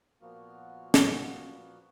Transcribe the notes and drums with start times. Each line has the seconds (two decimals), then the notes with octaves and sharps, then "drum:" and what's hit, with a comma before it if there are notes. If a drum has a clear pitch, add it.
0.22 A#2 F3 A#3 B3 F#4 F6
0.94 drum: snare